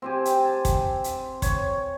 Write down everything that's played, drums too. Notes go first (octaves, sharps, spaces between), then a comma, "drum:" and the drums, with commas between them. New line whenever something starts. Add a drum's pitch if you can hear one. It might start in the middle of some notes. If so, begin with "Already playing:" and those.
C4 G4 G#5
drum: hi-hat
A5
drum: kick, hi-hat
drum: hi-hat
C#5, drum: kick, hi-hat